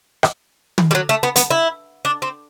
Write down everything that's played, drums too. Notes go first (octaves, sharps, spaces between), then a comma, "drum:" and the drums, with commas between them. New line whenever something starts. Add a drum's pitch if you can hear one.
drum: rim click
drum: tom
G3
F#3
A3
B3
B3, drum: hi-hat
E4
D4
C4